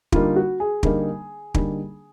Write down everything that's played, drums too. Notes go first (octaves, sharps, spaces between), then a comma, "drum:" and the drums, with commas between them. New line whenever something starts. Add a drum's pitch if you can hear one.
D3 G3 A#3 D#4 F4, drum: kick
F#4
G#4
D3 G3 A#3 D#4, drum: kick
D3 G3 A#3 D#4, drum: kick